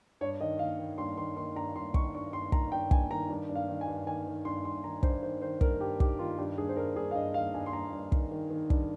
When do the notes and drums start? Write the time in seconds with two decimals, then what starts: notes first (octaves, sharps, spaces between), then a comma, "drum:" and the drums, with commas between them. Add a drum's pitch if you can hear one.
0.21 G2 C#5
0.40 D#3 D#5
0.59 D#3 F5
0.79 D#3
0.98 G2 C6
1.17 D#3 C6
1.36 D#3 C6
1.56 G2 A#5
1.76 G2 C6
1.94 D#3 C#6, drum: kick
2.14 G2 C#6
2.33 G2 C6
2.52 D#3 A#5, drum: kick
2.71 G2 G5
2.91 G2 G#5, drum: kick
3.10 D#3 A#5
3.30 G2
3.49 G2
3.55 F5
3.68 D#3
3.81 G#5
3.88 G2
4.06 D#3 G#5
4.27 D#3
4.45 G2 C6
4.65 G2 C6
4.84 D#3 A#5
5.03 G2 C5, drum: kick
5.23 D#3 C5
5.42 D#3 C5
5.61 G2 A#4, drum: kick
5.80 G2 G4
6.00 D#3 G4, drum: kick
6.19 D#3 F4
6.38 G2 G4
6.58 G2 G#4
6.69 C5
6.76 G2 A#4
6.96 G2 G#4
7.11 F5
7.15 G2 D#5
7.34 D#3 F5
7.54 G2 G#5
7.66 C6
7.73 G2 A#5
7.93 G2
8.12 D#3, drum: kick
8.31 D#3
8.51 D#3
8.70 G2, drum: kick